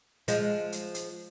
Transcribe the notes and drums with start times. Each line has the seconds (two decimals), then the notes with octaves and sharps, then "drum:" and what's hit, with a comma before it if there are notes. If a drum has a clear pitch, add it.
0.28 F3 G#3, drum: hi-hat
0.72 drum: hi-hat
0.94 drum: hi-hat